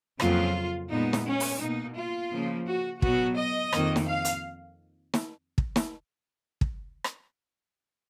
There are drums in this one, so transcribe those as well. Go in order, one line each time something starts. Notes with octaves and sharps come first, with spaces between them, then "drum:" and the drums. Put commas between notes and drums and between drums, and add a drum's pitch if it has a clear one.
F2 C#3 F#3 A#3 F4, drum: rim click
A#2 G#3 B3 D#4
drum: snare
C#4
drum: open hi-hat
B2 A#3 D#4
F4
C#3 F3 A#3
F#4
B2 F#3 B3 F#4, drum: kick
D#5
F2 D#3 A#3, drum: rim click
drum: snare
F5
drum: hi-hat
drum: snare
drum: kick
drum: snare
drum: kick
drum: rim click